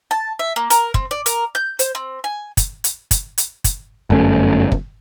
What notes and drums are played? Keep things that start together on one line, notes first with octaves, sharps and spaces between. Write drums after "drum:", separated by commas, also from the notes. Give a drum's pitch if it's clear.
A5
E5
A#3
A#4, drum: hi-hat
C4, drum: kick
D5
A#4, drum: hi-hat
G6
C5, drum: hi-hat
C4
G#5
drum: kick, hi-hat
drum: hi-hat
drum: kick, hi-hat
drum: hi-hat
drum: kick, hi-hat
G1 F#2 A3 C#4
drum: kick